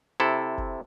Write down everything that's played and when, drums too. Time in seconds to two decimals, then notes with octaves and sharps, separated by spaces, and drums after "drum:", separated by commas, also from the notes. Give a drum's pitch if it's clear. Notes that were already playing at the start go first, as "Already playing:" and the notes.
0.20 C3 E4 A4
0.58 drum: kick